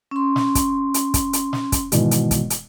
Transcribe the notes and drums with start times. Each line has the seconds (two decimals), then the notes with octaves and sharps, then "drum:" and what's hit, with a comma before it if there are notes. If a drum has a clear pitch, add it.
0.11 C#4 C6
0.36 drum: snare
0.55 drum: kick, hi-hat
0.94 drum: hi-hat
1.14 drum: kick, hi-hat
1.33 drum: hi-hat
1.53 drum: snare
1.72 drum: kick, hi-hat
1.92 G#1 B2 E3, drum: hi-hat
2.11 drum: hi-hat
2.31 drum: kick, hi-hat
2.50 drum: hi-hat